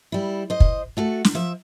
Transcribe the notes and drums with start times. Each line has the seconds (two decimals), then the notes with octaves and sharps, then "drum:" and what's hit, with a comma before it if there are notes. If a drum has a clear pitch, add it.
0.12 G3 E4
0.50 C5 D#5
0.60 drum: kick
0.97 A3 F#4 A4
1.24 drum: snare
1.35 F3 E5